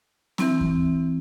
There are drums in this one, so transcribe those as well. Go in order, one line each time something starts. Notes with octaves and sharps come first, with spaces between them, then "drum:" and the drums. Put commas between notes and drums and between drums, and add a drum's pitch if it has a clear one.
E3 C4 E4, drum: snare C4
drum: kick D#2